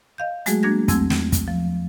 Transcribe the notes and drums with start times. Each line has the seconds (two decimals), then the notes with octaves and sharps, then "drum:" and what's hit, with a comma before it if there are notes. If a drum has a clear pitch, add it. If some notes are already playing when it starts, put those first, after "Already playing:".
0.18 D#5 F5 G6
0.46 F#3 G#3 A3 F#4 G#4, drum: hi-hat
0.63 A#3 D4 F#4 G#6 A#6
0.88 E2 F#3 A3 C4 E6 G#6, drum: kick, hi-hat
1.10 drum: snare
1.32 drum: kick, hi-hat
1.48 F3